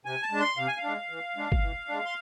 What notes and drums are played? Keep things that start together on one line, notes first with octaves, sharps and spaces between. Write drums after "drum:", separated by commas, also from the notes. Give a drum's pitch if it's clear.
C3 G#5
A5
G#3 D4
C6
C3 F5
G#5
F5
G#3 D4
E3
G#3 D4
drum: kick
E3
G#3 D4
C6